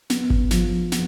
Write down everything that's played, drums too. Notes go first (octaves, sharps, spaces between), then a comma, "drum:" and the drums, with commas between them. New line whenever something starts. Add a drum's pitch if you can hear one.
B3, drum: snare
drum: kick G#1
F3, drum: snare
B3, drum: snare